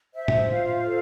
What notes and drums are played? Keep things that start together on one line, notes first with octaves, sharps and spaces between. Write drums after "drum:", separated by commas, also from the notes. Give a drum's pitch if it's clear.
C5 E5
drum: tom A2
F4 F5
A4